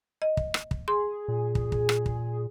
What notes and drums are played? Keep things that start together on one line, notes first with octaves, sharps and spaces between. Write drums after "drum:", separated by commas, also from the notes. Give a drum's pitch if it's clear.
D#5
drum: kick
drum: rim click
drum: kick
G#4 C6
A#2
drum: kick
drum: kick
drum: rim click
drum: kick